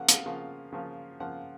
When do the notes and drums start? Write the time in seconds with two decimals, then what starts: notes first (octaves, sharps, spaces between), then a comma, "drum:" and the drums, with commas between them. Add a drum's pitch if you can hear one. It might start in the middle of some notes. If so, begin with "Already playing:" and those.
Already playing: C#3 F3 A#3 F4 F#5
0.09 F5, drum: hi-hat
0.26 C#3 F3 A#3 F4
0.72 C#3 F3 A#3 F4
1.20 C#3 F3 A#3 F4 F#5